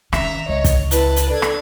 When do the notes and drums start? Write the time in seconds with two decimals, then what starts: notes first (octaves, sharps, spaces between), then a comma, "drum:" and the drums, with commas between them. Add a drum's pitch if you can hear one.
0.13 D#3 C#4 E5 A#5, drum: rim click
0.49 C#2 C#5 D#5
0.64 drum: kick, hi-hat
0.91 E4 B4 A5, drum: hi-hat
1.16 drum: hi-hat
1.30 D4 A4 G#6
1.42 drum: rim click